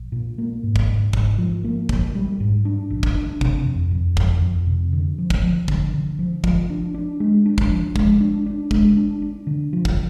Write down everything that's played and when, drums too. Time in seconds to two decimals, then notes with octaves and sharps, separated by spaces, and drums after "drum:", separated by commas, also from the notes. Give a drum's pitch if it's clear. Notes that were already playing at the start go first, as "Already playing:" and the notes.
Already playing: A#1
0.12 A#2
0.38 A#3
0.63 G#2
0.76 drum: kick
0.88 G#2
1.13 G#2, drum: kick
1.38 F3
1.64 A#3
1.89 A#1, drum: kick
2.15 G3
2.40 G#2
2.65 D4
2.90 A#1
3.03 drum: kick
3.15 D4
3.41 C3, drum: kick
3.66 F2
3.91 F2
4.17 F2, drum: kick
4.42 F2
4.67 C3
4.93 D3
5.18 F3
5.30 drum: kick
5.43 F3
5.68 D3, drum: kick
5.93 D3
6.19 F3
6.44 F3, drum: kick
6.70 D4
6.94 D4
7.20 G#3
7.46 D4
7.58 drum: kick
7.70 F3
7.96 G#3, drum: kick
8.20 D4
8.46 D4
8.71 G#3, drum: kick
8.97 D4
9.22 D4
9.47 D3
9.73 F3
9.85 drum: kick